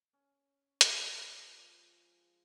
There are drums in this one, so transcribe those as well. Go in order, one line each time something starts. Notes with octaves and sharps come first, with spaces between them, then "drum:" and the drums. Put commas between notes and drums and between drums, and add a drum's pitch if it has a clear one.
C#4
drum: hi-hat
G#3
F3